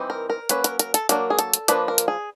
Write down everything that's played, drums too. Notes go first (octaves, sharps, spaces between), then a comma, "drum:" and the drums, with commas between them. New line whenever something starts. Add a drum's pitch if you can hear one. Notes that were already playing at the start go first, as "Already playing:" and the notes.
Already playing: E3 G3 C4 D#4
A#4
A#4
F#3 A#3 C#4 B4, drum: hi-hat
A#4, drum: hi-hat
A#4, drum: hi-hat
A4, drum: hi-hat
F#3 A#3 D4 A#4, drum: hi-hat
G#4
A4, drum: hi-hat
drum: hi-hat
F3 A#3 D4 B4, drum: hi-hat
A#4
drum: hi-hat
G#4